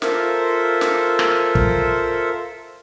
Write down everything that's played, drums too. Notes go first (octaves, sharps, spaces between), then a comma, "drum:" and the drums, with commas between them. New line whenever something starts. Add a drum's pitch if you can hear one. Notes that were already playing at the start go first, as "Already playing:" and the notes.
F4 A4 A#4 C5 E5, drum: snare
drum: snare
drum: rim click
drum: kick